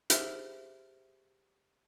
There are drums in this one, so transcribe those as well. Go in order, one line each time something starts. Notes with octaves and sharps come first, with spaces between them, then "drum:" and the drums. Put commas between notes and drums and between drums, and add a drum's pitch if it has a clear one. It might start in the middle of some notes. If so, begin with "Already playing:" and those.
G4 G#4 C5 E5 E6 F6, drum: hi-hat